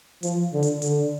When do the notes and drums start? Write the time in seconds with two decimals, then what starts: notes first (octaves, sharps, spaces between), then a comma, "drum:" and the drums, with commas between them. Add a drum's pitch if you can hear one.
0.23 F3, drum: hi-hat
0.53 D3
0.63 drum: hi-hat
0.82 D3, drum: hi-hat